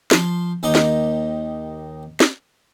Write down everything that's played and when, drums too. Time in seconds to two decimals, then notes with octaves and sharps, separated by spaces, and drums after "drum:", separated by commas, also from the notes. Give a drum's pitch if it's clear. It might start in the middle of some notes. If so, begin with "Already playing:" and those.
0.11 F3 C5, drum: snare
0.63 D#2 D#4 G4 D#5 A#5
0.75 drum: snare
2.20 drum: snare